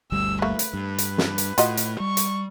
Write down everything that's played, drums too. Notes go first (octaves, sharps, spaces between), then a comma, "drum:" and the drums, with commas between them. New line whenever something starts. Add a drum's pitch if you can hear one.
G1 D2 G3 E6
A3 A#3 B4
drum: hi-hat
G2
drum: hi-hat
drum: snare
drum: hi-hat
A2 F4 F#4 D#5, drum: hi-hat
drum: hi-hat
G3 C#6
drum: hi-hat